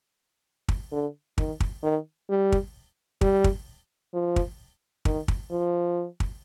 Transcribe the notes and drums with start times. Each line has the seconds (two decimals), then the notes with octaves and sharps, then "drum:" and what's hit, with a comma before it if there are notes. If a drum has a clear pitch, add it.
0.68 drum: kick
0.92 D3
1.38 D#3, drum: kick
1.60 drum: kick
1.83 D#3
2.30 G3
2.52 drum: kick
3.21 G3, drum: kick
3.44 drum: kick
4.14 F3
4.36 drum: kick
5.05 D#3, drum: kick
5.28 drum: kick
5.51 F3
6.20 drum: kick